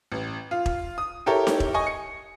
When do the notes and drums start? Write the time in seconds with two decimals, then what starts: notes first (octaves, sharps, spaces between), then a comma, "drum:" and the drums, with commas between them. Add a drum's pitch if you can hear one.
0.12 A1
0.51 F4
0.66 drum: kick E1
0.98 D#6
1.26 E4 G4 A4 A#4 C#5
1.47 drum: snare D#4
1.60 drum: kick E1
1.74 D#5 G#5 C#6
1.87 C#7